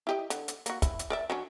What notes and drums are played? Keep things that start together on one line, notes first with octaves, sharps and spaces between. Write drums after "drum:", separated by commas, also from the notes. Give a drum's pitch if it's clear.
E4 G4 D#5
D3, drum: hi-hat
drum: hi-hat
A#3 F#4, drum: hi-hat
E4, drum: kick, hi-hat
drum: hi-hat
A#4 D5 E5
F#3 C#4 D4